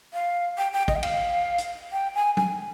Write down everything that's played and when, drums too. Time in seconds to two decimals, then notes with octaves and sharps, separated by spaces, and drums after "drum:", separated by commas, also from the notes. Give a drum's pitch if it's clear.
0.14 F5
0.58 G5
0.73 G5
0.88 D#5, drum: kick
0.96 G5
1.03 F5, drum: cymbal
1.58 drum: hi-hat
1.92 G5
2.15 G#5
2.37 G#5, drum: tom F#3